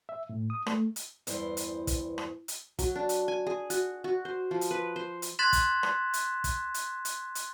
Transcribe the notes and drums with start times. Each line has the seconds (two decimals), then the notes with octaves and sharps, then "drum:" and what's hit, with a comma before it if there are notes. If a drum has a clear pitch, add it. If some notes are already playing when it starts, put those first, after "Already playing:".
0.09 E5
0.29 A2
0.50 D#6
0.66 A3, drum: rim click
0.96 drum: hi-hat
1.27 E2 G2 E3 C5, drum: hi-hat
1.57 drum: hi-hat
1.87 drum: kick, hi-hat
2.18 drum: rim click
2.48 drum: hi-hat
2.79 F#3, drum: kick, hi-hat
2.95 D4
3.09 drum: hi-hat
3.28 G#5
3.46 G#4
3.70 F#4, drum: hi-hat
4.04 F#4
4.25 C5
4.51 F3
4.61 drum: hi-hat
4.71 B4
4.96 C5
5.22 drum: hi-hat
5.39 C6 F#6 G#6 A6 B6 E7
5.53 drum: kick, hi-hat
5.83 drum: rim click
6.13 drum: hi-hat
6.44 drum: kick, hi-hat
6.74 drum: hi-hat
7.05 drum: hi-hat
7.35 drum: hi-hat